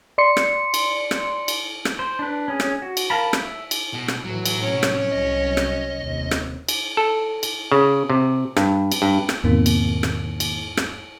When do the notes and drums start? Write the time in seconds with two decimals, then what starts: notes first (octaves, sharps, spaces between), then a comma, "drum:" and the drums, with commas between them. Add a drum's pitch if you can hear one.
0.18 D5 C6 C#7
0.37 drum: rim click
0.74 drum: cymbal
1.11 drum: rim click
1.48 drum: cymbal
1.85 drum: rim click
1.99 C5
2.19 D4 B4
2.48 C#4 G#4
2.60 drum: rim click
2.82 F#4
2.97 drum: cymbal
3.10 A#4 F5 A5 B5
3.33 E5, drum: rim click
3.71 drum: cymbal
3.94 B2
4.08 drum: rim click
4.25 A2 E3 F#3
4.45 drum: cymbal
4.60 A2 C3 C#4 C#5
4.83 drum: rim click
5.12 C2 F#3 D#5
5.57 drum: rim click
6.00 F1 D#2 C3
6.31 drum: rim click
6.69 drum: cymbal
6.97 A4
7.43 drum: cymbal
7.72 C#3
8.10 C3
8.57 G2, drum: rim click
8.92 drum: cymbal
9.02 G2
9.29 drum: rim click
9.44 E2 G#2 B2 D#3 A#3 C4
9.66 drum: cymbal
10.03 drum: rim click
10.40 drum: cymbal
10.77 drum: rim click